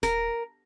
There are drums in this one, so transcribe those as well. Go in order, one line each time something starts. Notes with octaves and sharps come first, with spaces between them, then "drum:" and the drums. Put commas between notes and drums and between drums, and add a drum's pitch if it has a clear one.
A#4, drum: snare D#1